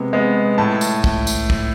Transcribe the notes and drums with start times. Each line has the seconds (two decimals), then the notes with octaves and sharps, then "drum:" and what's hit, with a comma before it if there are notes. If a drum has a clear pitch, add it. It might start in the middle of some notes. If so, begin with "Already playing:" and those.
Already playing: C3 G#3 B3
0.13 G#3 B3
0.58 A2 A5
0.81 drum: tambourine
1.04 drum: kick
1.27 drum: tambourine
1.50 drum: kick